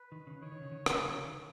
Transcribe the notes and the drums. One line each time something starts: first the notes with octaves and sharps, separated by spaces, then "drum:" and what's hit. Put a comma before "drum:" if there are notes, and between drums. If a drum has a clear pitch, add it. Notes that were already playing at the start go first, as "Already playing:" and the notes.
Already playing: B4
D#3
C#3
D#3 C#5
D#3
C#3
D#3
C#3, drum: rim click
C#3
D#3
C#3
D#3